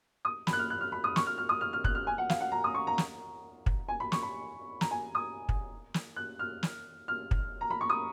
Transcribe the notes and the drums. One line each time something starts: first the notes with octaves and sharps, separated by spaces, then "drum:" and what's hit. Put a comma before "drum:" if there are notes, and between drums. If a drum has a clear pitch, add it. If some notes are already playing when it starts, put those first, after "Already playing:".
D#6
B5, drum: snare
F#6
F6
F#6
F6
B5
D#6
C#6, drum: snare
F6
F6
D#6
F6
F6
F#6, drum: kick
F6
G#5
F#5
F5, drum: snare
F#5
A#5
D#6
C#6
A#5
drum: snare
drum: kick
G#5
B5
C#6, drum: snare
B5
A#5, drum: snare
G#5
D#6
drum: kick
drum: snare
F#6
F6
drum: snare
F6
drum: kick
A#5
B5
C#6
D#6